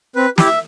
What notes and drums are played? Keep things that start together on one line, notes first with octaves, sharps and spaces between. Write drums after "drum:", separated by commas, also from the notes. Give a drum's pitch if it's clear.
C4 B4
E4 G4, drum: snare
E5